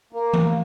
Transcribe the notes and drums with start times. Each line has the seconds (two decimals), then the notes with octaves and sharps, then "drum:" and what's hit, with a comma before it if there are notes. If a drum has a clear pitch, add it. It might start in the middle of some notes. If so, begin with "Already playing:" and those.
0.13 A#3
0.33 drum: tom E3